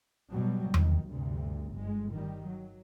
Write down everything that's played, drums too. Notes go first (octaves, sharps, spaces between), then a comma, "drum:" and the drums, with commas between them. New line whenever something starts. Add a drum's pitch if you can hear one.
B2 F#3 G3
F1 D#3, drum: tom E2
D2 G2 C3
G1 G#3
D#3 G3
F#3